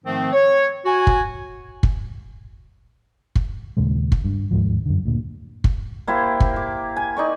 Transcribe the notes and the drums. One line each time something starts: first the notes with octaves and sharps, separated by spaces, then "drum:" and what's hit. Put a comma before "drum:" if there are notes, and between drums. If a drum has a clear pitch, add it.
G#2 D#3 F3 A3 C4
C#5
F#4 G#5
drum: kick
drum: kick
drum: kick
D#2 A#2 C#3 G#3
drum: kick
G2
D#2 G#2 F3
F#2 D3
D2 A#2
drum: kick
A#3 E4 G4 C5
drum: kick
D6
G#5
D#4 D5 C#6